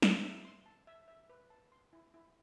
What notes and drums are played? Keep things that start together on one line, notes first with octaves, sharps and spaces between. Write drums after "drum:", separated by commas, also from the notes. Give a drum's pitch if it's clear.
B4, drum: snare
E5
C6
A5
E5
E5
B4
A5
C6
E4
E4